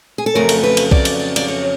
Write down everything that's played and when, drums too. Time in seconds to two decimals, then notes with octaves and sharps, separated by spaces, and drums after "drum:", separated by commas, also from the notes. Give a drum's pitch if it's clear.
0.18 G#4
0.26 A4
0.35 F2 C#3 F#3 A3 A#4
0.49 drum: cymbal
0.64 B4
0.77 drum: cymbal
0.91 D5, drum: kick B1
1.05 drum: cymbal
1.20 D5
1.36 D5, drum: cymbal
1.48 C#5